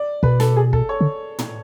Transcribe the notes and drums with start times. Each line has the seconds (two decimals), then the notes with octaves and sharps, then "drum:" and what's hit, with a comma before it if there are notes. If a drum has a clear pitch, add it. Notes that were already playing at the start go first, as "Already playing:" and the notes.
Already playing: D5
0.23 B2 B4, drum: kick
0.40 A4, drum: snare
0.56 G#4
0.73 A4, drum: kick
0.89 C#5
1.01 D3
1.39 drum: tom